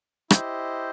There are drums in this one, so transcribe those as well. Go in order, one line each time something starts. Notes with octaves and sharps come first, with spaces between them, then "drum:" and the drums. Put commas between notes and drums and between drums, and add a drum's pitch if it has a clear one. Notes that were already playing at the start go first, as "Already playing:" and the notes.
E4 G4 C5 D#5, drum: rim click